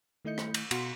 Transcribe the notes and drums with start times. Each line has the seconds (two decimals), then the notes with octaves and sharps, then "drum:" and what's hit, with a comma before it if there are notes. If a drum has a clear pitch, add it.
0.25 D#3 A3 E4 D#5 G6 C#7
0.38 drum: rim click
0.54 drum: cymbal
0.71 B2 F#4 F5 F#5 C6 C#7, drum: cymbal